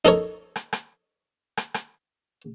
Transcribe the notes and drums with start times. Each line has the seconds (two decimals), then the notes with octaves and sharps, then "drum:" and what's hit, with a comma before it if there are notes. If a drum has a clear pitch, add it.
0.05 D#4 A4 A#4 C#5
0.56 drum: rim click
0.73 drum: rim click
1.57 drum: rim click
1.74 drum: rim click